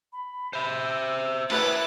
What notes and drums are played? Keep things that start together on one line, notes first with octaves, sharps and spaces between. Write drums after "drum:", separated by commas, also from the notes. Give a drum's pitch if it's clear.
B5
C5 E5
E6
E4 B4 C#5 F#6 A6, drum: cymbal